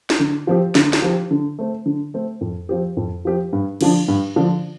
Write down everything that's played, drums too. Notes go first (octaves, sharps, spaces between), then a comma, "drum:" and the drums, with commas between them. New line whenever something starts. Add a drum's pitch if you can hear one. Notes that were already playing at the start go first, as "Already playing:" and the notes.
drum: snare
D3
F3 C4 G4
D3, drum: snare
drum: snare
F3 C4 G4
D3
A3 C4
D3
A3 C4
F2
F3 C4 G4
F2
F3 C4 G4
G2
D3 F3 D4, drum: cymbal
G2
D3 F3 D4